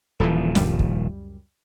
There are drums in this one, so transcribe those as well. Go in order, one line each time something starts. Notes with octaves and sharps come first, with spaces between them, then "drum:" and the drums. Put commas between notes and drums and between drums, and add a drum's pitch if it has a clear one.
D#1 E3 F3 A4
C#2 F#2 G3, drum: snare
drum: kick